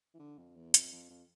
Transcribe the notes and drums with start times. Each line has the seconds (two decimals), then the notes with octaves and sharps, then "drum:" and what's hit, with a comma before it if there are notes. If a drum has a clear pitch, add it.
0.14 E3
0.19 D3
0.38 F2
0.56 E2
0.74 F2, drum: hi-hat
0.92 F2
1.10 F2